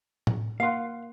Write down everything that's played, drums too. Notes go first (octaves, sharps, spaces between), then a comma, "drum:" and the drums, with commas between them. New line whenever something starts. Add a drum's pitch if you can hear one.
drum: tom A2
A#3 F5 F#5 C6